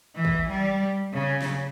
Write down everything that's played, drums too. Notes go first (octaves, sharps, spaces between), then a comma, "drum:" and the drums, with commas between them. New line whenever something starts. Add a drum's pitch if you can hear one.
E3
drum: kick
G3
C#3
drum: snare